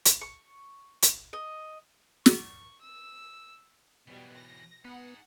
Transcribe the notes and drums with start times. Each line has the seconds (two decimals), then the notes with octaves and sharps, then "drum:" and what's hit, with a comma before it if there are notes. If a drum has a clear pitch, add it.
0.05 drum: hi-hat
0.21 C#6
1.02 drum: hi-hat
1.33 D#5
2.26 C#6, drum: snare
2.81 E6
4.08 B2 E3 F#3 G3
4.37 A#6
4.85 B3 D#4 G#4 F#5